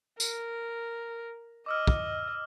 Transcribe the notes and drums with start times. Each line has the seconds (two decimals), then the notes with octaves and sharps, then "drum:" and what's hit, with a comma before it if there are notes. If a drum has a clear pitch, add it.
0.20 A#4, drum: tambourine
1.66 D#5 D6 E6 F6
1.87 drum: kick